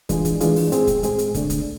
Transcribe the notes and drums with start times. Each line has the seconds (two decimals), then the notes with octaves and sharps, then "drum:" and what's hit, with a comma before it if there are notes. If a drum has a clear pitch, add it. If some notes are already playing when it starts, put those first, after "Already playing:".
0.09 E3 G#3 D4 F4 G#4, drum: kick, hi-hat
0.25 drum: kick, hi-hat
0.41 E3 G#3 D4 F4 G#4, drum: hi-hat
0.56 drum: open hi-hat
0.72 A2 G#3 C4 G#4, drum: hi-hat
0.87 drum: kick, hi-hat
1.03 A2 G#3 C4 G#4, drum: hi-hat
1.18 drum: hi-hat
1.34 D3 A3 D4, drum: kick, hi-hat
1.50 drum: kick, hi-hat